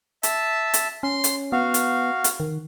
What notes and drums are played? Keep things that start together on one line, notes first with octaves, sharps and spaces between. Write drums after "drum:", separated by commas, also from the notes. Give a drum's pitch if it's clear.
E5 A5, drum: hi-hat
drum: hi-hat
C#4 C6
drum: hi-hat
B3 F#4 F5
drum: hi-hat
drum: hi-hat
D#3